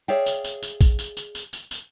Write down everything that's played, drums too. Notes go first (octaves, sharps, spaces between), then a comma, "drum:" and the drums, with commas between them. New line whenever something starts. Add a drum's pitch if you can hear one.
G#4 C#5 D5 E5 F5 G5
drum: tambourine
drum: tambourine
drum: tambourine
drum: kick A#1, tambourine
drum: tambourine
drum: tambourine
drum: tambourine
drum: tambourine
drum: tambourine